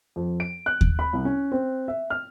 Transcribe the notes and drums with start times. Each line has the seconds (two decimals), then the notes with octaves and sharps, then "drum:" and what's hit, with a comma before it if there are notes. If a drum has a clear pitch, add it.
0.16 F2
0.40 D7
0.66 F#6
0.81 drum: kick D#2
0.99 B5
1.13 C2
1.25 C#4
1.52 C4
1.88 E5
2.10 F6